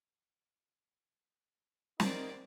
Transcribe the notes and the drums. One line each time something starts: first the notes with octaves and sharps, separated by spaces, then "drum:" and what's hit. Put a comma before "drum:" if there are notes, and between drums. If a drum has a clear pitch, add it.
C4 D#4 A#4 D5 D#5, drum: snare